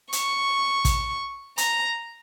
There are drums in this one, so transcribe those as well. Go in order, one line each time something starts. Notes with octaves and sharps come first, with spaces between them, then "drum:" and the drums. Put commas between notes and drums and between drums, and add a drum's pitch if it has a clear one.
C#6, drum: hi-hat
drum: kick, hi-hat
A#5, drum: hi-hat